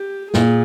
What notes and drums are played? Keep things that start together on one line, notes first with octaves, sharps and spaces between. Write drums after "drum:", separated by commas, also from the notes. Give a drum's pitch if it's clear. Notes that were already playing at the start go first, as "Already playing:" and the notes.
Already playing: G4
A#2 G#4, drum: snare